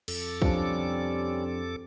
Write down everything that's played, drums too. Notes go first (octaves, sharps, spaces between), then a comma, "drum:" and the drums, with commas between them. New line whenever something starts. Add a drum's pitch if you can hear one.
F2 A4 D6, drum: cymbal
C3 F3 G3 C#4 D4 D5, drum: kick